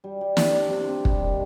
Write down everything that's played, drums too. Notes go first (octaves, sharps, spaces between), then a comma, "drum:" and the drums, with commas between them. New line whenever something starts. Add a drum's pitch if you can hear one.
G3
G3
D4, drum: snare
D4
C3
C3
G3, drum: kick
D#3